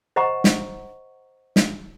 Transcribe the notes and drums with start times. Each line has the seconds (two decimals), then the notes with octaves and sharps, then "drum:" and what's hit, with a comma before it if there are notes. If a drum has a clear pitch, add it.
0.16 C5 D#5 F#5 A#5 C#6
0.44 drum: snare
1.56 drum: snare